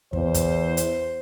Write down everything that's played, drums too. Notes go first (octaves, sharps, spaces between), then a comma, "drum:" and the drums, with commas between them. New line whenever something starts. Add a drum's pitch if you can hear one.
E2 C5, drum: kick
drum: kick, hi-hat
drum: hi-hat